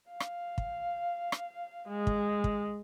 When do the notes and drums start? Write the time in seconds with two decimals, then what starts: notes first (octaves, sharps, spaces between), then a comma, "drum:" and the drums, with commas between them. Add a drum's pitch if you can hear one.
0.11 F5
0.20 drum: rim click
0.58 drum: kick
1.32 drum: rim click
1.88 G#3
2.07 drum: kick
2.44 drum: kick